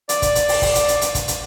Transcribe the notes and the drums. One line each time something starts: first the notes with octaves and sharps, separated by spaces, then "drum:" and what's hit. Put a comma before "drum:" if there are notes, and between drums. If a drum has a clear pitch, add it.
D5, drum: hi-hat
drum: kick, hi-hat
drum: hi-hat
drum: open hi-hat
drum: kick, open hi-hat
drum: hi-hat
drum: hi-hat
drum: hi-hat
drum: kick, hi-hat
drum: hi-hat